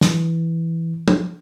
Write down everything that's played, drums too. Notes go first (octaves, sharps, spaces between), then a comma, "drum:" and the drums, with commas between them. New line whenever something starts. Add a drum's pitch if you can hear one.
E3, drum: snare
drum: tom